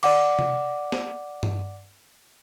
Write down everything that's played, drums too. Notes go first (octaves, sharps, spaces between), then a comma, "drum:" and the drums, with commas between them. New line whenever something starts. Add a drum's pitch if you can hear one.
D5 F#5 D6, drum: cymbal
drum: tom C3
drum: snare
drum: tom G2